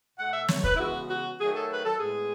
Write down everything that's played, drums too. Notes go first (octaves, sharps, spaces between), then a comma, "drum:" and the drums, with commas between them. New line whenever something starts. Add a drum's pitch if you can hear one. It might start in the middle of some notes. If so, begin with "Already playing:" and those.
B2 A3 F#5
E5
C#5, drum: snare
B4, drum: kick
E4
C#3 E3 G#3 B3 F#4
F#4
D#3 F#3 A3 G#4
A4
B4
A4
A2 G#3 B3 G#4